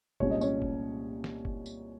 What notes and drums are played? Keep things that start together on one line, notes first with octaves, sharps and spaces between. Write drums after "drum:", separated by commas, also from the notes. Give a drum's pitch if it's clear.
C2 A#2 G#3 C#4 C#5, drum: kick F#1
D#5
C#4 C#5, drum: tambourine
drum: kick F#1
drum: snare
drum: kick F#1
drum: tambourine